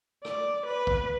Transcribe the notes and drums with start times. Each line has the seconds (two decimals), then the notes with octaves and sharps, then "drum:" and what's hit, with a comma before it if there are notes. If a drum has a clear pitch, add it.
0.25 D5, drum: rim click
0.66 B4
0.87 drum: kick